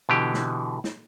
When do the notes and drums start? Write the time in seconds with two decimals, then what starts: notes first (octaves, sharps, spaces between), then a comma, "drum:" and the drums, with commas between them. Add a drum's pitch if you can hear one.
0.09 B2 D3 E3 G4
0.34 drum: snare
0.84 drum: snare